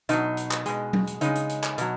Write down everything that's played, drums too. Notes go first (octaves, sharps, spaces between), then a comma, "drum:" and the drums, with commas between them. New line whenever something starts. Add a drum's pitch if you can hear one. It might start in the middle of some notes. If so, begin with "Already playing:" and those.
B2 F#3 D#4, drum: hi-hat
drum: hi-hat
drum: clap
B2 G#3, drum: hi-hat
drum: tom F#3
drum: hi-hat
C#3 G#3 D#4, drum: hi-hat
drum: hi-hat
drum: hi-hat
drum: clap
B2 F#3, drum: hi-hat